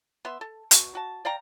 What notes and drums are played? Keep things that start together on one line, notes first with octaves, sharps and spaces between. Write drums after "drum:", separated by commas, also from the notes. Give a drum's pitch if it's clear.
B3 E5 C6
A4
B2 F#4, drum: hi-hat
F#4 A5
D5 F5 G5 A#5